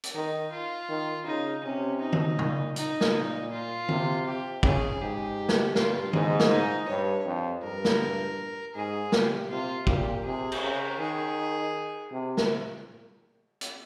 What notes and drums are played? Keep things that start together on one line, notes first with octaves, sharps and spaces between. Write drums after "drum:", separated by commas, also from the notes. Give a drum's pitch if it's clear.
drum: hi-hat
D#3 D#4
F4
D#3
C#3 D#4
C3 C#4
D#4
drum: tom D#3
A#2, drum: tom C3
D#4, drum: hi-hat
drum: snare
A#2 D#4
F4
C3, drum: tom D#3
G4
C#3 G#4, drum: kick
G#2 G4
drum: snare
G2 F4, drum: snare
G#2 D#4, drum: tom D#3
drum: snare
D#4
G2 C#5
F2
G2 A#4
drum: snare
G#2 G#4
A#2 G4, drum: snare
C3 F4
A#2 G4, drum: kick
C3 G#4
drum: cymbal
C#3 A#4
D#3 G#4
C3
drum: snare
drum: hi-hat